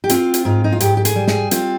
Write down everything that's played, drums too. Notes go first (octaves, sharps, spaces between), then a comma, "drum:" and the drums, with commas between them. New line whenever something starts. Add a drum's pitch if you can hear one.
G4
C4 F4, drum: hi-hat
drum: hi-hat
G#2 F4
D#4
F4
G#2 G4, drum: hi-hat
G4
G#4, drum: hi-hat
G3
G#4, drum: snare
C4 F4, drum: hi-hat